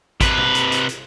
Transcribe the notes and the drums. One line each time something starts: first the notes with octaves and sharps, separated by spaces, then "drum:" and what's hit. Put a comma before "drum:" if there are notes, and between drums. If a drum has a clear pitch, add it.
C3 B4, drum: kick, hi-hat
drum: tom B2
drum: hi-hat
drum: hi-hat
drum: hi-hat